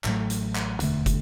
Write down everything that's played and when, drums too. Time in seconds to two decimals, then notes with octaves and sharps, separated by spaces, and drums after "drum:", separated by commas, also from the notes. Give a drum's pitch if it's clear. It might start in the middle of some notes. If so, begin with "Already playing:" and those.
0.04 A1 A2 F#3 A3, drum: clap
0.30 drum: hi-hat
0.55 drum: clap
0.80 E1 D2 D3 A3, drum: hi-hat
1.06 drum: kick, hi-hat